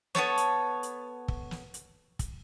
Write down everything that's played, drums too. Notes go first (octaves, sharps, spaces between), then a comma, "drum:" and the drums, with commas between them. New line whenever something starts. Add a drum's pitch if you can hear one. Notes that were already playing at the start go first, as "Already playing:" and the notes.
B3 E4 A4 C#5, drum: snare
drum: hi-hat
drum: hi-hat
drum: kick
drum: snare
drum: hi-hat
drum: kick, hi-hat